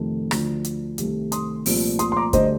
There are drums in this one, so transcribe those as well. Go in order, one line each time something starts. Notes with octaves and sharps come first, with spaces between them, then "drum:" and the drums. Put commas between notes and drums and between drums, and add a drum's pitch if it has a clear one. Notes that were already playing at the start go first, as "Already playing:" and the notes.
Already playing: F2 C3 D#3 A3
D2 D3 F3, drum: rim click
drum: hi-hat
C2 C3 D#3 A3, drum: hi-hat
C6 D#6, drum: hi-hat
C2 A#2 F3 A3, drum: open hi-hat
C6 D#6, drum: hi-hat
C6
A#5 D6
D2 D3 G3 C5 D#5, drum: kick, hi-hat